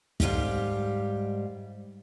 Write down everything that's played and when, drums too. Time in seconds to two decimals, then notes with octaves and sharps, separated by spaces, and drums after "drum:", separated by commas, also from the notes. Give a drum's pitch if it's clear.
0.20 G#2 E3 G3 G4 F5, drum: kick